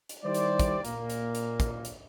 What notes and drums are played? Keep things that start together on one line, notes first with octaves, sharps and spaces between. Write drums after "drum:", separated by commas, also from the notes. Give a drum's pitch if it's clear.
drum: hi-hat
D#3 G3 E4 G4 C5 D5
drum: hi-hat
drum: kick, hi-hat
A#2 A#3, drum: hi-hat
drum: hi-hat
drum: hi-hat
drum: kick, hi-hat
drum: hi-hat